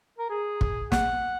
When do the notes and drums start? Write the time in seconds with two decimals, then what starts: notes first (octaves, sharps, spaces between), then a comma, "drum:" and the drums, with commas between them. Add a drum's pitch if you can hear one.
0.19 A#4
0.30 G#4
0.61 drum: kick
0.92 F#5, drum: snare